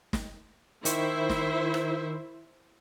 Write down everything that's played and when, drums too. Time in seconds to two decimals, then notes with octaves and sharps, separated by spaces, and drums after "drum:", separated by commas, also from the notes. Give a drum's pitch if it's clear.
0.13 drum: snare
0.85 D#3 E4 C5 E5 C#6, drum: hi-hat
1.29 drum: snare
1.74 drum: rim click